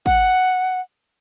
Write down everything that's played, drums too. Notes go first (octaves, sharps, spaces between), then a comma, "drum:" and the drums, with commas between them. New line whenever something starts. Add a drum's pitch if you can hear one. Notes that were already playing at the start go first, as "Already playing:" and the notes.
F#5, drum: kick